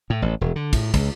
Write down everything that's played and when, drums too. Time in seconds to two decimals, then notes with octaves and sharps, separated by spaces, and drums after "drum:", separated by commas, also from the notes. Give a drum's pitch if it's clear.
0.10 A2
0.22 A1
0.41 E1
0.56 D3
0.73 A2, drum: kick, cymbal
0.94 C#2, drum: kick, cymbal